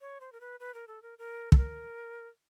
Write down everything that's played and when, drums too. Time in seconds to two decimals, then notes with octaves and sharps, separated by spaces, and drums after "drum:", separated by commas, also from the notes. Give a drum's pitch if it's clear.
0.01 C#5
0.21 C5
0.32 A#4
0.41 B4
0.60 B4
0.74 A#4
0.88 A4
1.02 A#4
1.18 A#4
1.52 A4, drum: kick
1.57 A#4